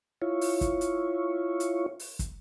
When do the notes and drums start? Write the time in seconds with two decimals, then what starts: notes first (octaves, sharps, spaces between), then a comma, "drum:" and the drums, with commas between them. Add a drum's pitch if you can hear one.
0.22 E4 F4 C#5
0.41 drum: open hi-hat
0.61 drum: kick, hi-hat
0.81 drum: hi-hat
1.60 drum: hi-hat
2.00 drum: open hi-hat
2.19 drum: kick, hi-hat